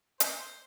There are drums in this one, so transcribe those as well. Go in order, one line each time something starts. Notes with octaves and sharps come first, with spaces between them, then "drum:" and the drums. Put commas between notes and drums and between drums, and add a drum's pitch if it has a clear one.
C5, drum: hi-hat
C5